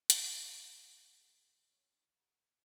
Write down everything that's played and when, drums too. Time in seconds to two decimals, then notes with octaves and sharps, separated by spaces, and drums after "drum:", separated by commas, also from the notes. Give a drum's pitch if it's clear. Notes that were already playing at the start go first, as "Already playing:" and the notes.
0.10 F1, drum: hi-hat
0.39 G#3
0.81 C3
1.18 G#2 C4 G4 A4 C#6 C7
1.69 D#4 F#4 C#5
2.17 F5 F#5 A#5 B5 C#6